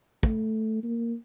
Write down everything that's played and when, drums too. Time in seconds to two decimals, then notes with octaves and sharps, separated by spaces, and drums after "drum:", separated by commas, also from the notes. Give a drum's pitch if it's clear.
0.23 A3, drum: kick
0.83 A#3